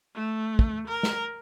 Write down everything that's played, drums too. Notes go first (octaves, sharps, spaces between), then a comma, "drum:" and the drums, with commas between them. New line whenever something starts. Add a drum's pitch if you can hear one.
A3
drum: kick
A#4
drum: snare